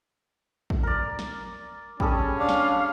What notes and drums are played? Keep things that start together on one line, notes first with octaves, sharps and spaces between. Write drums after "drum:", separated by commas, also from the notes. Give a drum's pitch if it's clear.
drum: kick
A#4 D5
drum: snare
G3 C#4 G#4 A4, drum: kick
D4 F5
drum: snare